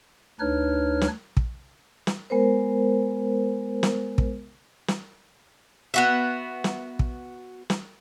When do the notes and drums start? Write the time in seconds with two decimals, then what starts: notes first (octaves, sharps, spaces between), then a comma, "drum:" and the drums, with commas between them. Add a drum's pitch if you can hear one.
0.40 D2 D4 D#4 B4 C#5 F6
1.01 drum: snare
1.37 drum: kick
2.07 drum: snare
2.30 G#3 B3 A#4 C5
3.83 drum: snare
4.18 drum: kick
4.88 drum: snare
5.94 B3 F#4 E5
6.64 drum: snare
6.99 drum: kick
7.70 drum: snare